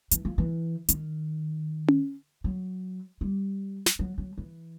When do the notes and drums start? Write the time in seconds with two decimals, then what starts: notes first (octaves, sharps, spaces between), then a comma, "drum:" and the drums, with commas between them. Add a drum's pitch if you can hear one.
0.11 E3, drum: hi-hat
0.25 F3
0.38 E3
0.89 D#3, drum: hi-hat
1.88 drum: tom C#4
2.44 F#3
3.21 G3
3.86 drum: snare
3.99 F#3
4.18 F#3
4.38 E3